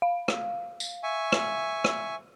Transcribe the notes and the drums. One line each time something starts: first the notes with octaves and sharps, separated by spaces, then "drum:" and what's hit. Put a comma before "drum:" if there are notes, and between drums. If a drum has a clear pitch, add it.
F5
drum: rim click
drum: tambourine
E5 G#5 C#6
drum: rim click
drum: rim click